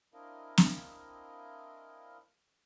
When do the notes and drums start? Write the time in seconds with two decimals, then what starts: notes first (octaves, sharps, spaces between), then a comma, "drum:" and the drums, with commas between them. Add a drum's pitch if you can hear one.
0.13 C4 D4 E4 A#4 D#5 F5
0.58 drum: snare